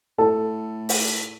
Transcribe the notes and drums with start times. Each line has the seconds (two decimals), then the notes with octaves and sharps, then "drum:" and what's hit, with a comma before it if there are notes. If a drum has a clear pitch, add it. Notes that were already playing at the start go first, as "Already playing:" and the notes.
0.18 A2 A4
0.89 drum: open hi-hat